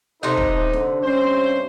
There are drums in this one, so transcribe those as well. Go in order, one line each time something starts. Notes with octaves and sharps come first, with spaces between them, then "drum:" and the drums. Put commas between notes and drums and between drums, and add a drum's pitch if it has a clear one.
C3 D#4 A4 C5 F#5
drum: kick
D3, drum: snare
G2 C#4 C5